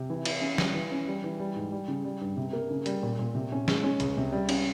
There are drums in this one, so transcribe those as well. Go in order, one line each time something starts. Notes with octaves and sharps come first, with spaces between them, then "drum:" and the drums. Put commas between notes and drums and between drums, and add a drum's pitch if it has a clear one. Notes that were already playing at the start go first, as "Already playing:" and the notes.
Already playing: C3
E3
E4, drum: cymbal
C#4
G3, drum: snare
E3
C#4
G3
E3
G3
G#2
G3
C#3
G3
G2
C3
A#3
C#3
G3, drum: hi-hat
A#2
A#2
C3
C#4
G#3, drum: snare
C#4
C#2, drum: hi-hat
C3
G3
C#4, drum: cymbal